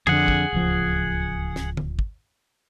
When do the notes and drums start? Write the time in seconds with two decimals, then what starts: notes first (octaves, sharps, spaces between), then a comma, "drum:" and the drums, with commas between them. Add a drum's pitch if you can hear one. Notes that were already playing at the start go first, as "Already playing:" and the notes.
0.07 F2 D3 G#4 F#5, drum: tom
0.28 drum: kick
0.52 D1 C#2 F3
1.56 drum: snare
1.77 drum: tom
1.99 drum: kick